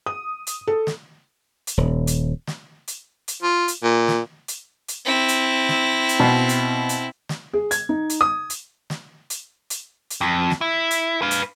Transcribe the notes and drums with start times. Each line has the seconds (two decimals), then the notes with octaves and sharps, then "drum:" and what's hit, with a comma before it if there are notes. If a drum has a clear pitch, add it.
0.06 D#6
0.47 drum: hi-hat
0.67 A4
0.87 drum: snare
1.67 drum: hi-hat
1.77 D#1
2.07 drum: hi-hat
2.47 drum: snare
2.88 drum: hi-hat
3.28 drum: hi-hat
3.42 F4
3.68 drum: hi-hat
3.83 A#2
4.08 drum: snare
4.48 drum: hi-hat
4.88 drum: hi-hat
5.05 C4 E4
5.28 drum: hi-hat
5.69 drum: snare
6.09 drum: hi-hat
6.20 B2
6.49 drum: hi-hat
6.89 drum: hi-hat
7.29 drum: snare
7.53 G#4
7.71 G#6, drum: hi-hat
7.89 D#4
8.10 drum: hi-hat
8.21 D#6
8.50 drum: hi-hat
8.90 drum: snare
9.30 drum: hi-hat
9.70 drum: hi-hat
10.10 drum: hi-hat
10.21 F2
10.50 drum: snare
10.61 E4
10.91 drum: hi-hat
11.22 B4 F5
11.31 drum: hi-hat